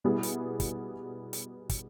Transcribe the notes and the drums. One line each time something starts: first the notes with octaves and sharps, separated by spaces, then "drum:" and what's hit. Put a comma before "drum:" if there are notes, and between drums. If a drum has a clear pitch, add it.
B2 G3 B3 E4 G#4
drum: hi-hat
drum: kick, hi-hat
drum: hi-hat
drum: kick, hi-hat